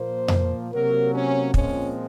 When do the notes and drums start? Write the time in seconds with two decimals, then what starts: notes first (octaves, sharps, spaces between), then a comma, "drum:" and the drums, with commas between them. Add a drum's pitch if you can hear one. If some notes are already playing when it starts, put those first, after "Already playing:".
Already playing: A#2 F3 A#3 C5
0.28 drum: tom F2
0.71 C3 F#3 A#3 A#4
1.13 C#4
1.54 A#2 F3 G#3 C4 C#4, drum: kick